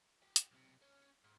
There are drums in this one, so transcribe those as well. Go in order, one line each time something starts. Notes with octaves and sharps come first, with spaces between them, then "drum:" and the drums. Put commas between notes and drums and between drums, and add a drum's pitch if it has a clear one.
F#4 G5
drum: hi-hat
B1 C3
C#4
G#2